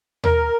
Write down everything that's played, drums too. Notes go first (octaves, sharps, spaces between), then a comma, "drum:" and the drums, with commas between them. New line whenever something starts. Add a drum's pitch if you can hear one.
A#4, drum: tom D#2